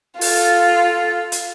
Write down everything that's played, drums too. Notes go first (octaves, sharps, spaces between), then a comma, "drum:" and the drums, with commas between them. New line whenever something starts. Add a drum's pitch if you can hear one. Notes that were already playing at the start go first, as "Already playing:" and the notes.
F4 A4, drum: open hi-hat
drum: hi-hat